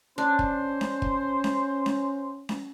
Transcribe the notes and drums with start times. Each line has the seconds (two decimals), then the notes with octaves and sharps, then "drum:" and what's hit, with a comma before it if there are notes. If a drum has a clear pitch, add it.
0.18 C#4 D4 C5
0.39 drum: kick
0.81 drum: snare C#4
1.02 drum: kick
1.44 drum: snare C#4
1.86 drum: snare C#4
2.49 drum: snare C#4